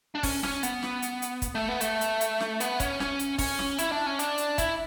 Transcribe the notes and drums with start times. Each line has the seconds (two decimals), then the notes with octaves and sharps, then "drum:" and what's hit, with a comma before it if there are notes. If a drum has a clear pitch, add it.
0.15 D4
0.23 C#4, drum: kick, open hi-hat
0.43 C#4, drum: snare
0.63 B3, drum: hi-hat
0.83 drum: snare
1.02 drum: hi-hat
1.22 drum: hi-hat
1.42 drum: kick, hi-hat
1.55 A3
1.69 B3
1.81 A3, drum: hi-hat
2.01 drum: hi-hat
2.21 drum: hi-hat
2.40 drum: snare
2.60 B3, drum: hi-hat
2.80 C#4, drum: kick, hi-hat
3.00 C#4, drum: snare
3.19 drum: hi-hat
3.38 C#4, drum: kick, open hi-hat
3.59 drum: snare
3.79 E4, drum: hi-hat
3.92 D4
4.06 C#4
4.19 D4, drum: hi-hat
4.38 drum: hi-hat
4.58 E4, drum: kick, hi-hat